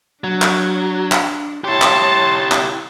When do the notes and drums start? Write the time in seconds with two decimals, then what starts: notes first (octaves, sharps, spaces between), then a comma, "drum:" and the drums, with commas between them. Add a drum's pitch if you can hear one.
0.24 F#3 D4
0.42 drum: clap
1.12 drum: clap
1.64 E4 G4 C#5 A5 C6
1.82 drum: clap
2.52 drum: clap